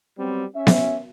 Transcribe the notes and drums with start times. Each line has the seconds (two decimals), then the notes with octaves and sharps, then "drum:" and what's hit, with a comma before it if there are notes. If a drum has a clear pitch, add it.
0.17 F#3 G3 B3 C4
0.55 C#4 E5
0.67 drum: snare B3